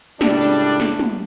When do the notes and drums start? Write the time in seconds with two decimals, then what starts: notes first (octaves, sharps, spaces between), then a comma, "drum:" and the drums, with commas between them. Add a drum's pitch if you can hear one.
0.21 C#2 A2 G3 D4, drum: snare
0.40 drum: cymbal
0.80 drum: snare
0.99 drum: tom